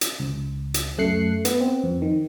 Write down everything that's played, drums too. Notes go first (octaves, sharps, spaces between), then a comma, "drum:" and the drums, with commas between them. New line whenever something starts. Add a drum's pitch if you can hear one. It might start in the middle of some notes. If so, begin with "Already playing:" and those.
drum: hi-hat
C#2
drum: hi-hat
F#2 A3 F#6 C7 C#7
B3, drum: hi-hat
C4
F2
D#3